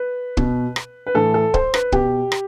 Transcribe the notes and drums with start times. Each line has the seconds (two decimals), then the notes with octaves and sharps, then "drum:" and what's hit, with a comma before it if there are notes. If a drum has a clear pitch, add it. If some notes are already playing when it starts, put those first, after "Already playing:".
Already playing: B4
0.37 B2, drum: kick
0.76 drum: rim click
1.07 B4
1.15 A2 E3 A4
1.34 A4
1.54 C5, drum: kick
1.74 B4, drum: rim click
1.92 B2 G4, drum: kick
2.32 drum: rim click